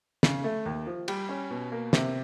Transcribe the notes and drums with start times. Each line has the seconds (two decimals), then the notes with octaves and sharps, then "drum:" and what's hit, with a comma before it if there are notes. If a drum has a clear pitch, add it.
0.23 C#3, drum: snare
0.44 A3
0.66 D#2
0.87 F3
1.08 G3, drum: cymbal
1.29 C#4
1.50 B2
1.72 A#3
1.93 C3, drum: snare